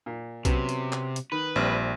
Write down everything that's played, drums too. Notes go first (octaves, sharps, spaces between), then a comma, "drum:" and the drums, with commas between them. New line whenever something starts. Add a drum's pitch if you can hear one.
A#2
C3 F#3 B3 C#4, drum: kick B1, hi-hat
drum: hi-hat
drum: clap
drum: hi-hat
D#3 B4
A#1 G3 C4 F6